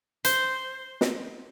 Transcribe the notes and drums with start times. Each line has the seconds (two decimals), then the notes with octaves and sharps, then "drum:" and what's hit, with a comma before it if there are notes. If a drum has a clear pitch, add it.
0.25 C5, drum: hi-hat
1.01 drum: snare